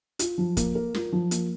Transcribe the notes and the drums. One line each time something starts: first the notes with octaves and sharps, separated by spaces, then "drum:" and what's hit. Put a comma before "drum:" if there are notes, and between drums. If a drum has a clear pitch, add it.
F4, drum: hi-hat
F3
A#3, drum: kick, hi-hat
A#4
F4, drum: snare
F3
A#3, drum: hi-hat